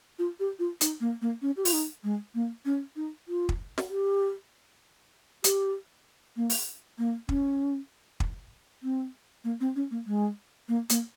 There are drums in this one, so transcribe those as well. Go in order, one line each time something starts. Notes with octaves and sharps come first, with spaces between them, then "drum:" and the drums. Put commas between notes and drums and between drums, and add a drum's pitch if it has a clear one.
F4
G4
F4
D#4, drum: hi-hat
A#3
A#3
C#4
G4
F4, drum: open hi-hat
D#4
G#3
A#3
C#4
D#4
F4
drum: kick
drum: snare
G4
G4, drum: hi-hat
A#3
drum: open hi-hat
A#3
C#4, drum: kick
drum: kick
C4
A#3
C4
C#4
A#3
G#3
A#3
A#3, drum: hi-hat